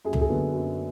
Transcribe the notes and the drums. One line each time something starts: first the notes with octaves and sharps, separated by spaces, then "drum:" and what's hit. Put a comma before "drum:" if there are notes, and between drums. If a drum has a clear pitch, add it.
F#2 G#4
A4, drum: tom C#2
G#4
D3 F#3 B3
F#2